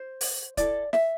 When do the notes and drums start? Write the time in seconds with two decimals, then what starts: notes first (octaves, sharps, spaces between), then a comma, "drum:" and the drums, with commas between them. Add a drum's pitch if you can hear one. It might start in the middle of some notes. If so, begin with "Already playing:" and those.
Already playing: C5
0.21 drum: open hi-hat
0.57 E4 A4 D5, drum: kick D1, hi-hat
0.93 E5, drum: snare